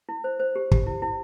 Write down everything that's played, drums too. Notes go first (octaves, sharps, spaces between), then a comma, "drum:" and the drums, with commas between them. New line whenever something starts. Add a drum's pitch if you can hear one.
E4
C5
C5
G4
G4, drum: kick
E4
E4